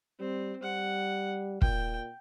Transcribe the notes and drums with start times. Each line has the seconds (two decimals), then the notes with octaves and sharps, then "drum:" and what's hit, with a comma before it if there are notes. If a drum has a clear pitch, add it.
0.20 G3 C4
0.63 G3 F#5
1.62 A#2 G5, drum: kick